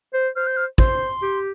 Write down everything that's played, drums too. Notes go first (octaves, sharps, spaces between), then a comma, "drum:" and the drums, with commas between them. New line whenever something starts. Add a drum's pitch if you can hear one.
C5
C5 F6
G6
F6
C5 C6, drum: kick
G4